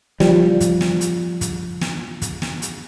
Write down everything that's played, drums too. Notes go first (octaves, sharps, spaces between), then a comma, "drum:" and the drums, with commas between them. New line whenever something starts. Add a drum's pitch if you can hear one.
F3 G3, drum: snare
drum: kick, hi-hat
drum: snare
drum: hi-hat
drum: kick, hi-hat
drum: snare
drum: kick, hi-hat
drum: snare
drum: hi-hat